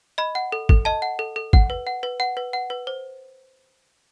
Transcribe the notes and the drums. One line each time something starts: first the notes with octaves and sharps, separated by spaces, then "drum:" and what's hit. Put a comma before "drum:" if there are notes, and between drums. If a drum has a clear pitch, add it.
D#5 B5
F#5
A4
A4, drum: kick
D#5 A5
F#5
A4
A4
F#5, drum: kick
B4
F#5
B4
F#5
B4
F#5
B4
C5